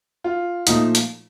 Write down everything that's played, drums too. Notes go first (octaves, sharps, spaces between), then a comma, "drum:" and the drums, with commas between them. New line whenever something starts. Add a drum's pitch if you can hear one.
F4
A#2 F3 A3 D#4, drum: hi-hat
drum: hi-hat